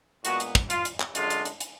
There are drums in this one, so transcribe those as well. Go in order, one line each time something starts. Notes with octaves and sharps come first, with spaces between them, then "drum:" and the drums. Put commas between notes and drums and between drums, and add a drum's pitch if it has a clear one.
A#2 G#3 B3 F#4, drum: hi-hat
drum: hi-hat
drum: kick
F4, drum: hi-hat
drum: hi-hat
drum: clap
F#2 D3 G#3 D4 F4, drum: hi-hat
drum: hi-hat
drum: hi-hat
drum: hi-hat